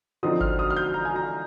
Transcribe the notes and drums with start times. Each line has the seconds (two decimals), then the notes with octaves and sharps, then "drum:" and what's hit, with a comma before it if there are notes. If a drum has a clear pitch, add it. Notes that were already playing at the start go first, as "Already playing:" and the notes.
0.23 D3 F3 C4 D#4 D#6
0.41 F6, drum: kick G1
0.59 D#6
0.70 F6
0.76 G6
0.94 A#5
1.05 G#5
1.16 A#5